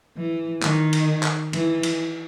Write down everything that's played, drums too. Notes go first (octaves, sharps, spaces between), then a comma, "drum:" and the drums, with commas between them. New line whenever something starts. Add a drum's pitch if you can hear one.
E3
D#3, drum: clap
drum: cymbal
drum: clap
E3, drum: cymbal
drum: cymbal